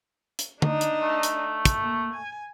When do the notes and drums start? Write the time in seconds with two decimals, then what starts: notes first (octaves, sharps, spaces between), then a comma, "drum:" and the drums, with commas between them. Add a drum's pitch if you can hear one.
0.39 drum: hi-hat
0.62 D4 D#4, drum: tom D3
0.81 drum: hi-hat
1.02 A3
1.23 drum: hi-hat
1.65 drum: kick, hi-hat
1.82 A#3
2.13 G#5